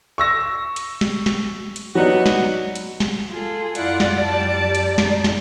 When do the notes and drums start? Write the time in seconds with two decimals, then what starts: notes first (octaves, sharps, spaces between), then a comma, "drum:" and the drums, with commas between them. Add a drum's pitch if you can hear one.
0.18 C#6 E6 A#6
0.76 drum: hi-hat
1.01 drum: snare
1.26 drum: snare
1.76 drum: hi-hat
1.95 F#3 B3 D4 D#4 F#4
2.26 drum: snare
2.75 drum: hi-hat
3.00 drum: snare
3.29 F4 G#4 A4
3.75 F#2 E4 F4 D5 F#5, drum: hi-hat
4.00 drum: snare
4.18 G3 A5
4.75 drum: hi-hat
4.98 D#4, drum: snare
5.24 drum: snare